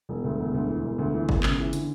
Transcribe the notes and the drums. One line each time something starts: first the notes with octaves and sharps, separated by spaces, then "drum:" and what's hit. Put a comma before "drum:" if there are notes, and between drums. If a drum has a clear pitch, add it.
E1
D2
E1
D2
E3
E1
D2
E3
E1, drum: kick G1
C#3, drum: clap
E3
D3, drum: hi-hat